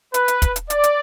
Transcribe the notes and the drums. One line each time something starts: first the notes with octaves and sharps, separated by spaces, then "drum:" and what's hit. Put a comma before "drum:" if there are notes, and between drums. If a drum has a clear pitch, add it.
B4, drum: hi-hat
drum: hi-hat
drum: kick, hi-hat
drum: hi-hat
D5, drum: hi-hat
drum: hi-hat